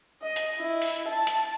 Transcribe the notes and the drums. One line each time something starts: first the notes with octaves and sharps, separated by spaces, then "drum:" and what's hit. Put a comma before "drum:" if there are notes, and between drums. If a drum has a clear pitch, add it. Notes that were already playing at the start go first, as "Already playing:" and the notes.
D#5
drum: hi-hat
E4
drum: open hi-hat
A5
drum: hi-hat